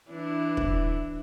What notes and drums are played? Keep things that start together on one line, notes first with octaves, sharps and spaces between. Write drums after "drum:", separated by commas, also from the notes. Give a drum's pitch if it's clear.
E3 D4 E4
drum: kick